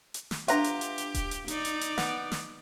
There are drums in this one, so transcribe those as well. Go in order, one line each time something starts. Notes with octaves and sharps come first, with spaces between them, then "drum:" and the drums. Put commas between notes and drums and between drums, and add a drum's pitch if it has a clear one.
drum: hi-hat
drum: snare
D4 F4 G4 B4 E5 F#5 A#5, drum: hi-hat
drum: hi-hat
drum: hi-hat
drum: hi-hat
drum: kick D#1, hi-hat
drum: hi-hat
D#4 D5, drum: hi-hat
drum: hi-hat
drum: hi-hat
B3, drum: snare
drum: snare